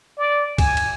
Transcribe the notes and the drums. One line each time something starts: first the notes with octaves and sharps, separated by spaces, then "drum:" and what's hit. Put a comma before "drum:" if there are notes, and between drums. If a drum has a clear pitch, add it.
D5
G#5, drum: kick, cymbal
drum: cymbal